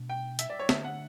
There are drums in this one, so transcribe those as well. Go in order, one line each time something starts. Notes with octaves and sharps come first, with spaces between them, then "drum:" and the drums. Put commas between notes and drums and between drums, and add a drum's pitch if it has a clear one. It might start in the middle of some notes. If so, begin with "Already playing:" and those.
Already playing: B2 A3 D4
G5
E5, drum: hi-hat
D5
C#5
D3 A3 D4 E5, drum: snare
F#5